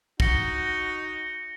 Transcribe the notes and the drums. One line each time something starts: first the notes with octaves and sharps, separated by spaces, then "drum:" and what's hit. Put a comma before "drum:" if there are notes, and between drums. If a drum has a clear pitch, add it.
D#4 F#4 A#6 C#7 G7, drum: kick